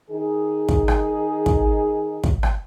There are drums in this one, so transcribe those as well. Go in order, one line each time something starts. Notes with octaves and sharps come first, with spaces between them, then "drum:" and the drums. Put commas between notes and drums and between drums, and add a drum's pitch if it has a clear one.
D#3 D#4 G#4
drum: kick
drum: rim click
drum: kick
drum: kick
drum: rim click